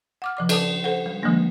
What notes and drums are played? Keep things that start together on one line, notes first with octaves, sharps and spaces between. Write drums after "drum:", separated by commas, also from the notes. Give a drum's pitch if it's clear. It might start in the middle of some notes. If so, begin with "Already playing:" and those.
F#5 D6 F6
C#3 F3 D5 D6
A4 B4 D5 A5 D6 D#6, drum: cymbal
A4 C5 F#5
G3
D3 F3 G3 G#3 A#3 D4